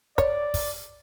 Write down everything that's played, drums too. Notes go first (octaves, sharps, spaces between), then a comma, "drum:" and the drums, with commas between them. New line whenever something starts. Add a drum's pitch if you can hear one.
C#5 D5, drum: kick, hi-hat
drum: kick, open hi-hat